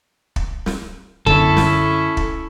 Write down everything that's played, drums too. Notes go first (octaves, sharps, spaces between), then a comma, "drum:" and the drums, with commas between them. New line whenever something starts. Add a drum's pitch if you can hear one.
drum: kick
drum: snare
F#2 D3 C#4 E4 A4, drum: kick
drum: snare
drum: kick